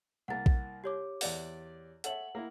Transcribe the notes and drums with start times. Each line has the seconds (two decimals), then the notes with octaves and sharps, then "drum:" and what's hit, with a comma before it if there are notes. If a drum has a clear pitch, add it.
0.28 C2 A#3 F#5 A6
0.46 drum: kick A#1
0.84 G4 C#5 D6
1.21 E2 D5 F#5, drum: open hi-hat
2.04 A4 C#5 E5 F#5 F#7, drum: hi-hat
2.35 A#3 E4